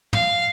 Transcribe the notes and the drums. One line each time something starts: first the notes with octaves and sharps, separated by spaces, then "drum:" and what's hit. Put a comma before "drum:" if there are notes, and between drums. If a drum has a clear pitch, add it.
F5, drum: tom